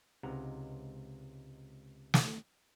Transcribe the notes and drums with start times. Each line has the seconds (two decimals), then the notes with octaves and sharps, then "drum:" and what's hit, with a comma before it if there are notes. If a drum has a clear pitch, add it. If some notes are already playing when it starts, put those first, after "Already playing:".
0.23 C#2 C3 G#3 D#4 F#5 A#5
2.14 drum: snare